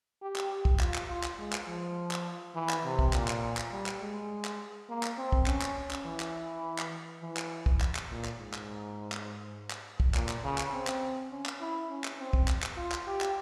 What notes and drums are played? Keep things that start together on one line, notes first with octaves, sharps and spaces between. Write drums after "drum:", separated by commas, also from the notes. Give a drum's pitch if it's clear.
G4
drum: clap
G4
drum: kick
F4, drum: clap
drum: clap
F4
drum: clap
G#3
drum: clap
F3
drum: clap
E3
drum: clap
C3
drum: kick
A#2, drum: clap
drum: clap
drum: clap
G3
drum: clap
G#3
drum: clap
A#3
drum: clap
C4
drum: kick
C#4, drum: clap
drum: clap
drum: clap
E3
drum: clap
drum: clap
E3
drum: clap
drum: kick
drum: clap
drum: clap
A#2
drum: clap
G#2
drum: clap
drum: clap
drum: clap
drum: kick
A#2, drum: clap
drum: clap
C#3
drum: clap
C4
drum: clap
C#4
drum: clap
E4
C#4
drum: clap
C4
drum: kick
drum: clap
drum: clap
F4
drum: clap
G4
drum: clap